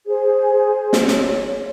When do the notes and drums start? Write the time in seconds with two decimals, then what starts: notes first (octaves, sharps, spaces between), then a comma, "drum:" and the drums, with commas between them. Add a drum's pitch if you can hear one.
0.06 G#4 C5
0.93 drum: snare
1.08 C#5, drum: snare